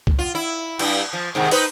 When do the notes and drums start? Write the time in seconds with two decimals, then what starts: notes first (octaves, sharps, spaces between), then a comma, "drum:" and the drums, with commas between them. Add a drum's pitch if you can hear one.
0.07 drum: kick
0.19 F4
0.35 E4
0.79 G2 G3 E4, drum: cymbal
1.13 F3
1.35 G#2 C3 D#3
1.51 D#4 B4 C5, drum: open hi-hat